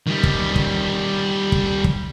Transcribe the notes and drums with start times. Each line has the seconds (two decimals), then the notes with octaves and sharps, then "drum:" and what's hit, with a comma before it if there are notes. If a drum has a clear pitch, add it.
0.07 D#3 G3
0.23 drum: kick
0.56 drum: kick
1.52 drum: kick
1.84 drum: kick